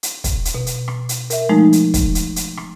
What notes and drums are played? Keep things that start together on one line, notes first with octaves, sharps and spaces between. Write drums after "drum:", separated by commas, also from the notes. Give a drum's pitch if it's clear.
drum: hi-hat
drum: kick, hi-hat
drum: hi-hat
B2
drum: hi-hat
drum: rim click
drum: hi-hat
A#4 E5, drum: hi-hat
F3 G#3 A3 D#4
drum: hi-hat
drum: kick, hi-hat
drum: hi-hat
drum: hi-hat
drum: rim click